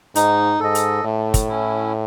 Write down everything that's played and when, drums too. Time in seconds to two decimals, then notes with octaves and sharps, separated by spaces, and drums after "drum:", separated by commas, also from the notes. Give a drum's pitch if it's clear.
0.15 G#2 D#4, drum: hi-hat
0.60 G#2 A4 D#5
0.75 drum: hi-hat
1.04 A2 A3
1.34 drum: kick, hi-hat
1.49 C#4 E4